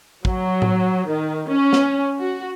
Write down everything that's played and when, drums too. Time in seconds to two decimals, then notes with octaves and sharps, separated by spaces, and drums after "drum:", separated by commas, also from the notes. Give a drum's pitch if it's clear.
0.25 F#3, drum: kick
0.62 drum: tom A2
1.09 D#3
1.48 C#4
1.73 drum: snare
2.19 F#4